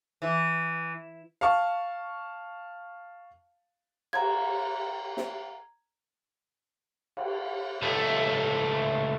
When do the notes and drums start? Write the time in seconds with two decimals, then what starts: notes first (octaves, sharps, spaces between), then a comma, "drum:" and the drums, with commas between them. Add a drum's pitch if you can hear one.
0.22 E3
1.41 F5 A5 C#6
4.13 A#5 G#6, drum: cymbal
5.17 drum: snare
7.17 drum: cymbal
7.82 C#2 A3